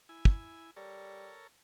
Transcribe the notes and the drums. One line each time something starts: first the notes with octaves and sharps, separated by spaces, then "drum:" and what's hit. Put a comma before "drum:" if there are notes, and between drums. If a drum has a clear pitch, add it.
E4 G#5
drum: kick
G3 A4 A#4 C#5